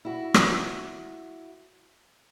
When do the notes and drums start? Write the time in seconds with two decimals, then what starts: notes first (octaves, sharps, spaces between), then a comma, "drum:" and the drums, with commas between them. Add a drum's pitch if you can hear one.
0.05 E4 F#4
0.34 drum: rim click